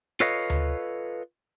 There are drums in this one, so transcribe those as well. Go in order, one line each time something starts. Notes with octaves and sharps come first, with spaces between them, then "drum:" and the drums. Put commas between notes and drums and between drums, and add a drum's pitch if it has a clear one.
F4 A4 B4 C#5 D#5 F5
drum: tom D2